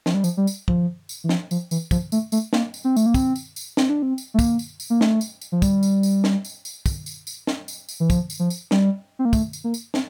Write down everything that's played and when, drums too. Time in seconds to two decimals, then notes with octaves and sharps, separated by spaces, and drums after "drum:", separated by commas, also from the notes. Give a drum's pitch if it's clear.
0.06 F3, drum: snare
0.14 G3
0.24 F3, drum: tambourine
0.37 G3
0.47 drum: tambourine
0.68 F3, drum: kick
1.09 drum: tambourine
1.24 E3
1.29 F3, drum: snare
1.51 F3, drum: tambourine
1.71 E3, drum: tambourine
1.91 F3, drum: kick, tambourine
2.12 A3, drum: tambourine
2.32 A3, drum: tambourine
2.53 A#3, drum: snare
2.74 drum: tambourine
2.84 C4
2.96 A3, drum: tambourine
3.06 A#3
3.14 C4, drum: kick, tambourine
3.36 drum: tambourine
3.56 drum: tambourine
3.77 C4, drum: snare
3.89 D4
4.02 C4
4.18 drum: tambourine
4.34 A3
4.39 A#3, drum: kick, tambourine
4.59 drum: tambourine
4.80 drum: tambourine
4.90 A#3
5.01 A3, drum: snare
5.21 drum: tambourine
5.42 drum: tambourine
5.52 F3
5.62 G3, drum: kick, tambourine
5.83 drum: tambourine
6.03 drum: tambourine
6.24 drum: snare
6.44 drum: tambourine
6.65 drum: tambourine
6.86 drum: kick, tambourine
7.06 drum: tambourine
7.27 drum: tambourine
7.47 drum: snare
7.68 drum: tambourine
7.89 drum: tambourine
8.00 E3
8.10 F3, drum: kick, tambourine
8.30 drum: tambourine
8.39 F3
8.50 drum: tambourine
8.71 G3, drum: snare
9.19 C4
9.25 A#3
9.33 A3, drum: kick, tambourine
9.53 drum: tambourine
9.64 A#3
9.74 drum: tambourine
9.94 C4, drum: snare